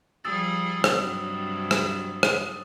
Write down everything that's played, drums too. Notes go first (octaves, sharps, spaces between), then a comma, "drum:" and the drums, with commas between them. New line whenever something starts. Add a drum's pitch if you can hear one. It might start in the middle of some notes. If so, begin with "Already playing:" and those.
F3 G3 G#4 D#6 E6 A6
G2 C3 F#3, drum: rim click
drum: rim click
drum: rim click